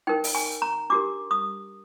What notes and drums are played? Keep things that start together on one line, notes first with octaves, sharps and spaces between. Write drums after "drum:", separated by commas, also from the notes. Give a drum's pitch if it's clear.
D#4 A#4 G5
drum: open hi-hat
G#5
A#5
D4 G4 A#4 D6
D#6